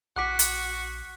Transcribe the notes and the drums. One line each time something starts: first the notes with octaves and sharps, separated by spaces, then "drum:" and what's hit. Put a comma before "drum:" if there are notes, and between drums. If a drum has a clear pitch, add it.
A#1 F#4 F#5 D6 F#6 B6
drum: hi-hat